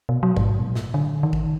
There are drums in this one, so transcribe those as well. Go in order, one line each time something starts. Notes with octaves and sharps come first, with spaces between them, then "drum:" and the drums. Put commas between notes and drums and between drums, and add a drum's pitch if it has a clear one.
B2
F#3
G#2, drum: kick
B2
A#2
drum: snare
D3
D#3
drum: kick